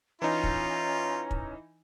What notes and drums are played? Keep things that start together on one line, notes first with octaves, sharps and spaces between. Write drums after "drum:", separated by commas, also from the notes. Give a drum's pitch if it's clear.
E3 C#4 D#4 F4 A#5
drum: kick
drum: kick